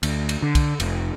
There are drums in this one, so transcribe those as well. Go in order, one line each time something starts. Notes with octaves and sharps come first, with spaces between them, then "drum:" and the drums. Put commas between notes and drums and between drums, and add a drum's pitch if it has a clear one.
D2, drum: cymbal
drum: cymbal
D3
drum: kick, cymbal
F1, drum: cymbal